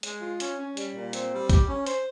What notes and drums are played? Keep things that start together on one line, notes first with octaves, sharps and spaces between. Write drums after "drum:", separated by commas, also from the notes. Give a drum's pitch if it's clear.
G#3, drum: hi-hat
F4
C#4, drum: hi-hat
C#4
G3, drum: hi-hat
A#2
C4, drum: hi-hat
G3
G4, drum: kick, hi-hat
C#4
C5, drum: hi-hat